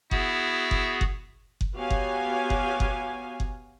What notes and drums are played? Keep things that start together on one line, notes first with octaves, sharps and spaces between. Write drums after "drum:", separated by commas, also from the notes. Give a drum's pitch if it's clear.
B3 E4 F#4 G#4, drum: kick F#1
drum: kick F#1
drum: kick F#1
drum: kick F#1
B3 F#4 G4 C#5 F5 G#5
drum: kick F#1
drum: kick F#1
drum: kick F#1
drum: kick F#1